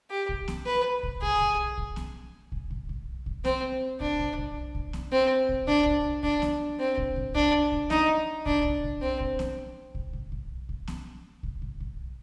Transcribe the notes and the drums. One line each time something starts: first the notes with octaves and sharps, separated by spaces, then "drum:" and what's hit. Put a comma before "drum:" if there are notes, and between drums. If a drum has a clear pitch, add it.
G4
drum: kick
drum: snare B3
B4
drum: kick
G#4, drum: kick
drum: kick
drum: kick
drum: snare B3
drum: kick
drum: kick
drum: kick
drum: kick
C4, drum: snare B3
D4, drum: kick
drum: kick
drum: kick
drum: kick
drum: snare B3
C4
drum: kick
D4, drum: kick
drum: kick
D4, drum: kick
drum: snare B3
C4
drum: kick
drum: kick
D4, drum: kick
drum: kick
D#4, drum: snare B3
D4, drum: kick
drum: kick
drum: kick
C4
drum: kick
drum: snare B3
drum: kick
drum: kick
drum: kick
drum: kick
drum: snare B3
drum: kick
drum: kick
drum: kick